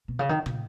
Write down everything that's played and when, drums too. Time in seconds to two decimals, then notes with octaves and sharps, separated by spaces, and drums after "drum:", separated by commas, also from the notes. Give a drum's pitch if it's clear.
0.08 B2
0.19 C#3
0.29 D#3
0.46 C#3, drum: tom